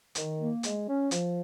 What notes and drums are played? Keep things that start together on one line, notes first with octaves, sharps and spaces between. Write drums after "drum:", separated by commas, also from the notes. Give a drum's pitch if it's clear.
D#3, drum: hi-hat
A#3
G#3, drum: hi-hat
C#4
F3, drum: hi-hat